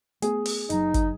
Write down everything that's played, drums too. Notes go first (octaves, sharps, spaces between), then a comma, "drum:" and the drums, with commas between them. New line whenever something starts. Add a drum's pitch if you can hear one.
A3 B3 G#4, drum: hi-hat
drum: open hi-hat
F#1 F#3 D#4, drum: hi-hat
drum: kick, hi-hat